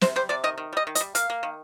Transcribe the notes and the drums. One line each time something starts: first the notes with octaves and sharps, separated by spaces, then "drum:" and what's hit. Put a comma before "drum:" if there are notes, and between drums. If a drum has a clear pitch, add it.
C3 C5, drum: snare
G3 C5
C3 D5
D#3 D#5
D#3
G3 D#5
D#3
D#5, drum: hi-hat
G3
A#3 F5, drum: hi-hat
A#3
D#3